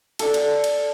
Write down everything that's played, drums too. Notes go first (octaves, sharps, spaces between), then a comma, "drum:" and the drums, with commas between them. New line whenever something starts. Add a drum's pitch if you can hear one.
A4 D5, drum: cymbal
drum: cymbal
drum: cymbal